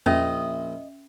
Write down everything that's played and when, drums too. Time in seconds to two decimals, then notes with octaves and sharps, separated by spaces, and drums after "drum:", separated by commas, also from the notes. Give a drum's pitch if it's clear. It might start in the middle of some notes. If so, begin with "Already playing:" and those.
0.06 A#1 A#2 C#4 D#5 E5, drum: tom E2